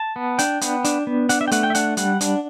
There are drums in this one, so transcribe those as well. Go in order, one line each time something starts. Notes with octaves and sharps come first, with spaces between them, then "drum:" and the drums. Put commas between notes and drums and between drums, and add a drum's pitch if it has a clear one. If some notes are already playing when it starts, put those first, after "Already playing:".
Already playing: A5
B3
D4 G5, drum: hi-hat
B3, drum: hi-hat
D4, drum: hi-hat
B3
D4 F#5, drum: hi-hat
E5
G5
A3 F#5, drum: hi-hat
G5
E5
D4 F#5, drum: hi-hat
G3 F#5, drum: hi-hat
D4, drum: hi-hat